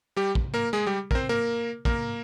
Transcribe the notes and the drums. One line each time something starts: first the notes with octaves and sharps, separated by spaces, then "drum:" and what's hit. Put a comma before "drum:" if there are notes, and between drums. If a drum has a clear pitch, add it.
G3 G4
drum: kick
A#3 A#4
G#3 G#4
G3 G4
A#4, drum: kick
C4 C5
A#3 A#4
A#3 A#4, drum: kick